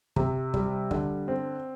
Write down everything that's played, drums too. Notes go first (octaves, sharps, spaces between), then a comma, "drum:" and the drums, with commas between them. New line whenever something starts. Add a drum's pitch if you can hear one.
C3, drum: kick
G3, drum: kick
D3, drum: kick
C4